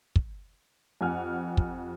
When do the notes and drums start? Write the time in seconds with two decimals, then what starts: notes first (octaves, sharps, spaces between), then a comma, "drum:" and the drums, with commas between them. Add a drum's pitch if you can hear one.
0.16 drum: kick
1.01 F2 G4 F#5 G#5 F6
1.57 drum: kick